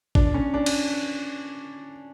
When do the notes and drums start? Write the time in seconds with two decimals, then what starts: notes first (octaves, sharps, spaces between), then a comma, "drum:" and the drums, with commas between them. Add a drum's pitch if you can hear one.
0.15 D4, drum: kick G#1
0.34 C#4
0.54 D4
0.66 drum: cymbal